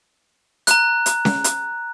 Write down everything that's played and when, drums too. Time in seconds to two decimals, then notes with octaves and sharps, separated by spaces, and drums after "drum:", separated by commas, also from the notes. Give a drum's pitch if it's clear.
0.67 A#5 F#6, drum: hi-hat
1.06 drum: hi-hat
1.25 drum: snare C#4
1.44 drum: hi-hat